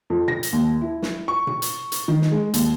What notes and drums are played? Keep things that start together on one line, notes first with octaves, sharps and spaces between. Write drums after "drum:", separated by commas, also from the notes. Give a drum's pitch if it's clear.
F2
A#6, drum: tom A#2
drum: hi-hat
D#2
E4
drum: snare
C#6
drum: tom A#2
drum: hi-hat
drum: hi-hat
D#3
drum: snare
G#3
D#2, drum: hi-hat